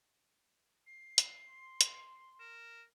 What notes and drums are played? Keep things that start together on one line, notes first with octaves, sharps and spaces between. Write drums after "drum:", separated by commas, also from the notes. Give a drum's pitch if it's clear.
C7
drum: hi-hat
C6
drum: hi-hat
A#4 E7